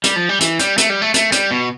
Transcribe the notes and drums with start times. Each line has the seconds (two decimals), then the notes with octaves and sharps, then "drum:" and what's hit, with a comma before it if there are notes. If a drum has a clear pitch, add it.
0.04 G3, drum: hi-hat
0.16 F3
0.29 G3
0.41 E3, drum: hi-hat
0.60 G3, drum: hi-hat
0.78 A3, drum: hi-hat
0.89 G3
1.02 A3
1.14 A3, drum: hi-hat
1.32 G3, drum: hi-hat
1.51 B2